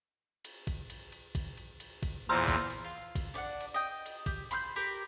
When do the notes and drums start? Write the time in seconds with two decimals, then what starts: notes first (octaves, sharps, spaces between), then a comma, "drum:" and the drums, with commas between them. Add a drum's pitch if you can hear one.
0.45 drum: cymbal
0.67 drum: kick, cymbal
0.90 drum: cymbal
1.12 drum: cymbal
1.35 drum: kick, cymbal
1.57 drum: cymbal
1.80 drum: cymbal
2.03 drum: kick, cymbal
2.29 E2 A#2 C5 A#5 C6 E6 F6
2.48 drum: kick, cymbal
2.70 drum: cymbal
2.84 F4
3.15 drum: kick, cymbal
3.34 D4 D5 F5 F#5
3.61 drum: cymbal
3.74 D#5 G5
4.06 drum: cymbal
4.26 G4, drum: kick, cymbal
4.51 B5 C6 F6 G6, drum: cymbal
4.76 G4 A#4 B4, drum: cymbal